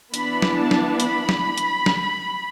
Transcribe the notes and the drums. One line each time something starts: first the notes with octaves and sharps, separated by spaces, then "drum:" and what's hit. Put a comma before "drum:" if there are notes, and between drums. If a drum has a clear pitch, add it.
E3 B3 D4 B5, drum: hi-hat
drum: snare
A5
drum: snare
B5, drum: hi-hat
drum: snare
drum: hi-hat
drum: snare